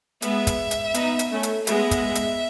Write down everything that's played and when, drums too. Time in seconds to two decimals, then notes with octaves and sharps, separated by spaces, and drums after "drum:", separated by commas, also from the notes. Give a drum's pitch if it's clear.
0.22 G#3 B3 E5, drum: hi-hat
0.47 drum: kick, hi-hat
0.71 drum: hi-hat
0.94 B3 D#4, drum: hi-hat
1.19 drum: hi-hat
1.31 A3 C#4
1.43 drum: hi-hat
1.67 G#3 B3 E5, drum: hi-hat
1.91 drum: kick, hi-hat
2.15 drum: hi-hat